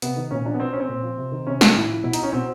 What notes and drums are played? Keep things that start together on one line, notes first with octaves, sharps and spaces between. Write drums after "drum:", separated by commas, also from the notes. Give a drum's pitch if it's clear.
C3 B3, drum: hi-hat
D#3
A#2 C#4
F3 D4
B3
B2 C4
C#4
C4
A#2
F3
C3
D#3
C3 C#4
D#3, drum: snare
A2 E4
F3
B2 E4
D#4, drum: hi-hat
C#4
B2 C4